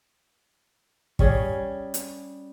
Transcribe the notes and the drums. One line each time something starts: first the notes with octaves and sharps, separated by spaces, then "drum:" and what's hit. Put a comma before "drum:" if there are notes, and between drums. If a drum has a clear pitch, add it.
G3 C#4 G#4, drum: kick
drum: hi-hat